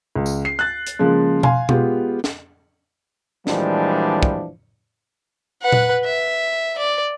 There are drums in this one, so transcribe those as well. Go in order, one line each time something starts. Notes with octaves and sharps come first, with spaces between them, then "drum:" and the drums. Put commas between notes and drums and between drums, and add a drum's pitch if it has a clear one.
C#2
drum: tambourine
C7
F#6 A6
drum: hi-hat
C#3 F3 G#3 A#3
F5 G#5 C6, drum: tom B2
G#3 B3 F4 G4, drum: tom B2
drum: snare
A#2 E3 F3 G3 G#3 D4, drum: snare
drum: kick
B4 F#5
drum: tom A#2
E5
D5